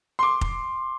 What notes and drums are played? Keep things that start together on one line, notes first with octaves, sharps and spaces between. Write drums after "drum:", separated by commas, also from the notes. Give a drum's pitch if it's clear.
C6 D6
drum: kick F1